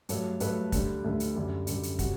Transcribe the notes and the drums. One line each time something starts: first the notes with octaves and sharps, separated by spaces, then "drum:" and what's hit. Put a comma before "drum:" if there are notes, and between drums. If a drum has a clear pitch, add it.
G2 F#3 A3, drum: hi-hat
G2 F#3 A3 B4, drum: hi-hat
D2 D3 G3, drum: kick, hi-hat
D2 D3 G3
drum: hi-hat
F#2 D3 G3
F#2 D3 G3, drum: hi-hat
drum: hi-hat
C3 G3 F#4, drum: kick, hi-hat